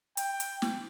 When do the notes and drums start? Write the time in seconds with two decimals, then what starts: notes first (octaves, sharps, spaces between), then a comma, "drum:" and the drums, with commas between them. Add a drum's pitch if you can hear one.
0.17 G5, drum: hi-hat
0.40 drum: hi-hat
0.62 drum: snare